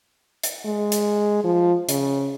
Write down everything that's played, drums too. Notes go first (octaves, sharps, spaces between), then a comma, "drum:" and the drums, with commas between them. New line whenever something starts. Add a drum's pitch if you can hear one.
drum: hi-hat
G#3
drum: hi-hat
F3
C#3, drum: hi-hat